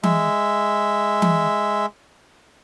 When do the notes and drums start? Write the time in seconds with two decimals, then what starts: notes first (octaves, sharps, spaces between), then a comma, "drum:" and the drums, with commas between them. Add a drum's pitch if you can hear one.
0.03 G#3 E5, drum: tom E3
1.22 drum: tom E3